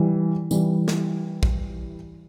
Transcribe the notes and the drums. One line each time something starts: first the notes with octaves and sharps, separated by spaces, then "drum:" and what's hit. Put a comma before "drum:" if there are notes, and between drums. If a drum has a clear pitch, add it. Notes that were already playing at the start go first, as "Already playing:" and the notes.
Already playing: E3 G3
E3 G3, drum: tambourine
drum: snare
drum: kick